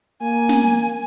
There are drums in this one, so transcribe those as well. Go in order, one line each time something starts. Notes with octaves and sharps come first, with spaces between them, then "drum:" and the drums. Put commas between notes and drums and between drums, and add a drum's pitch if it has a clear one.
A#3 G#5
drum: snare